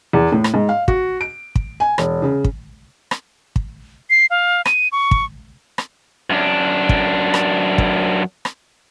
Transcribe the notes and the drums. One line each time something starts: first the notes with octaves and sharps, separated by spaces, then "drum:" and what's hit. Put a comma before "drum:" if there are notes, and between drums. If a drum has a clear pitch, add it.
E2
A2
drum: rim click
G#2
F5
F#4, drum: kick
D7
drum: kick
G#5
E1, drum: rim click
C#3
drum: kick
drum: rim click
drum: kick
C7
F5
D#7, drum: rim click
C#6
drum: kick
drum: rim click
F#2 D4
drum: kick
drum: rim click
drum: kick
drum: rim click